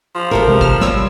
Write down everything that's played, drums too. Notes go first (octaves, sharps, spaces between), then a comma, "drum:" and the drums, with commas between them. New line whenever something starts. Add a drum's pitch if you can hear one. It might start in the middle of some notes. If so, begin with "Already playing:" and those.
F3
G#1 A2 G4 A4 A#4
A1 C3 G#3
F6 E7, drum: kick
G3 C#5 E6, drum: snare